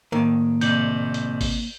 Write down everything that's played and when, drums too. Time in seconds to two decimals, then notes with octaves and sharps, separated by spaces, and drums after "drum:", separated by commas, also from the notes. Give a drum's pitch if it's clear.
0.12 A2 D#3 A#3
0.61 A#1 C3 D#4 D5 G6, drum: hi-hat
1.14 drum: hi-hat
1.41 drum: kick G#1, open hi-hat